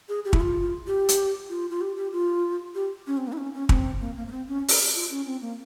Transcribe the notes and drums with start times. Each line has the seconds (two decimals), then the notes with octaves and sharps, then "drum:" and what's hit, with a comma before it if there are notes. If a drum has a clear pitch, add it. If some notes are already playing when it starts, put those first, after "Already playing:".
0.09 G#4
0.25 G4
0.33 E4, drum: kick
0.40 F4
0.87 G4
1.09 drum: hi-hat
1.50 F4
1.70 F4
1.81 G4
1.97 G4
2.13 F4
2.75 G4
3.07 C#4
3.17 C4
3.27 A#3
3.33 E4
3.38 C#4
3.54 C#4
3.69 C4, drum: kick
4.00 A#3
4.17 A#3
4.27 A#3
4.32 C4
4.48 C#4
4.68 drum: open hi-hat
4.94 F4
5.10 C#4
5.26 C4
5.42 A#3